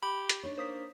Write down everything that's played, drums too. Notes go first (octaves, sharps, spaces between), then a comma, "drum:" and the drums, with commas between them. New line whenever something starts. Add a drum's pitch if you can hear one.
G4 B5
drum: hi-hat
D4 D#4 C#5
A#3 C5 D#6 B6